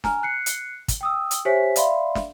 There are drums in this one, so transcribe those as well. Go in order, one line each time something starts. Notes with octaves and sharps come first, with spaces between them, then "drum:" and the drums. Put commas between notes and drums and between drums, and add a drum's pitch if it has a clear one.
G#5 A#5 F6, drum: snare
F#6 C7 C#7
drum: hi-hat
drum: kick, hi-hat
G5 D#6 E6
drum: hi-hat
G4 C5 C#5 E5 G#5 B6
D5 E5 F5 B5 C6, drum: hi-hat
drum: snare